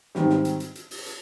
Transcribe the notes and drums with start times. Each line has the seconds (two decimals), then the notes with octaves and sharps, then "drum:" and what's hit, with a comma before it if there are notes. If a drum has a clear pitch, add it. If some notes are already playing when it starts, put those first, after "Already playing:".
0.15 G#2 D#3 G3 C4, drum: snare
0.29 drum: snare
0.45 drum: hi-hat
0.60 drum: hi-hat
0.75 drum: hi-hat
0.91 drum: open hi-hat
1.06 drum: hi-hat